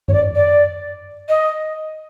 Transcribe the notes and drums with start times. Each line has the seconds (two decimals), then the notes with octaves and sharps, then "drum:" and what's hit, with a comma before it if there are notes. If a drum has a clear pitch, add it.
0.08 C#5, drum: tom G2
0.13 D5
0.35 D5
1.29 D#5